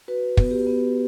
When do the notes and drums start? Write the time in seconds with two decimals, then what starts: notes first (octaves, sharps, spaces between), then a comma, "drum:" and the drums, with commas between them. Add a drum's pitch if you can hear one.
0.08 F#4 B4
0.37 B3, drum: kick
0.51 G4
0.67 B3